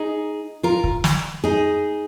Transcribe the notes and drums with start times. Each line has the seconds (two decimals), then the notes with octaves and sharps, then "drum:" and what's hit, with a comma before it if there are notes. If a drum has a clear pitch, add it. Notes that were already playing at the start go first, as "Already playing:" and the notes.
Already playing: D#4 G#4
0.63 F4 A#4
0.84 drum: kick
1.04 drum: snare
1.44 D#4 G#4